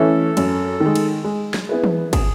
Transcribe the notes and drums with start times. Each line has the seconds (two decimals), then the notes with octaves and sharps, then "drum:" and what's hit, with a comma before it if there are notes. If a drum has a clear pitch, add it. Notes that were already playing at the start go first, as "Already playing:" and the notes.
Already playing: E3 A3 C#4 E4 A4
0.37 F#2, drum: cymbal
0.80 D#3
0.86 G#3
0.95 drum: cymbal
1.24 G#3
1.54 drum: snare
1.69 B3 E4 G#4 B4
1.84 drum: tom E3
2.13 G#4, drum: kick, cymbal